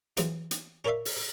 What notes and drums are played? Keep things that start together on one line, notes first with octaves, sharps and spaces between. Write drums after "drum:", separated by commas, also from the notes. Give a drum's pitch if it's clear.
E3 F#3 G#3 C4 F4, drum: hi-hat
drum: hi-hat
C#4 A#4 C#5 D5 E5 F5
drum: open hi-hat